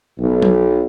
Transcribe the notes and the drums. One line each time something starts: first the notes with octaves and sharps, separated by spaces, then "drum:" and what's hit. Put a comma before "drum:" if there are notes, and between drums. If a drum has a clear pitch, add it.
B1
drum: tom F#3